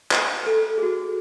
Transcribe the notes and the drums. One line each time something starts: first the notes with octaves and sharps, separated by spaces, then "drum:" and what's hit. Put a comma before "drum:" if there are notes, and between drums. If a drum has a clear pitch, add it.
B4, drum: clap
B4
A4
G#4
F#4